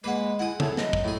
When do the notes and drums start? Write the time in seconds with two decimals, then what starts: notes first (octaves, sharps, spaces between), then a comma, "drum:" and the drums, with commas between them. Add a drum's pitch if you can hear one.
0.04 G#3 A#3 B4 F#5
0.39 E4 F#5 D#6
0.60 E4 G#4 A4 C#5, drum: tom C#3
0.77 F#3 G#3 D#5, drum: snare
0.93 drum: kick
1.04 A2 G#4